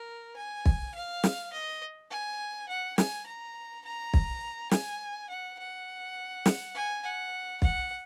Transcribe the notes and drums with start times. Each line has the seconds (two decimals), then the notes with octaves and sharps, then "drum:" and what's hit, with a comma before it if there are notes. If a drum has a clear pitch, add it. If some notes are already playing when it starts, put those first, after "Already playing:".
Already playing: A#4
0.36 G#5
0.66 drum: kick
0.94 F5
1.24 drum: snare
1.53 D#5
2.11 G#5
2.69 F#5
2.98 G#5, drum: snare
3.26 A#5
3.85 A#5
4.14 drum: kick
4.71 G#5, drum: snare
5.29 F#5
5.59 F#5
6.46 drum: snare
6.74 G#5
7.04 F#5
7.62 F#5, drum: kick